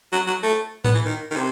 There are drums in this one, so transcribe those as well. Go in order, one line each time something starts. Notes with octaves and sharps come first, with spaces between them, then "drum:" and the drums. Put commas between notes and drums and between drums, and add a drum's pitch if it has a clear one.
F#3
F#3
A3
B3, drum: tom A2
E3
D#3
D#3
C3